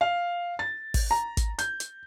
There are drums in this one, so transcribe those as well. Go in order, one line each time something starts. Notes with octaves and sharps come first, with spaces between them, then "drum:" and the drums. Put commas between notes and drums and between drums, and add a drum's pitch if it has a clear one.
F5
A6
drum: kick, open hi-hat
A#5
drum: kick, hi-hat
G6, drum: hi-hat
drum: hi-hat